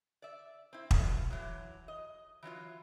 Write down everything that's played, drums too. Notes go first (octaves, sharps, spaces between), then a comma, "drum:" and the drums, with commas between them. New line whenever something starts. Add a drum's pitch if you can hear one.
D5 E5
C4 E4
G#3 A3 B3 C#4 F4, drum: kick
E3 F#3
D#5
E3 F#3 E4 F4